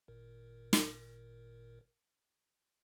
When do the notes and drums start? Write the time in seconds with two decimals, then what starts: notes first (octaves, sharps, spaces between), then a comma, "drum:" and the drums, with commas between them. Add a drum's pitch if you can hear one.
0.08 G#1 A#2 A#4
0.73 drum: snare